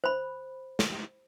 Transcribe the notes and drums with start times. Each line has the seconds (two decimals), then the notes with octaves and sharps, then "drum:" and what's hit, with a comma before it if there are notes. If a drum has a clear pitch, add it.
0.04 C5 B5
0.79 drum: snare